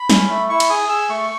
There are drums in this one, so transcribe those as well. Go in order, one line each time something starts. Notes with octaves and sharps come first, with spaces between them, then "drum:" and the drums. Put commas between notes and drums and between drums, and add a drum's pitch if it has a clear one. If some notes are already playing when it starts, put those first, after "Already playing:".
Already playing: B5
C#4, drum: snare
A3
E4 C#6
drum: cymbal
G#4 D#6
G#4 E6
A3 C#6